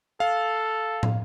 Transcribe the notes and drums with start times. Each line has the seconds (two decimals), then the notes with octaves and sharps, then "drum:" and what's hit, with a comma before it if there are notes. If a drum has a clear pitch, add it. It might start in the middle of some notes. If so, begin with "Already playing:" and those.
0.20 A4 F5
1.03 drum: tom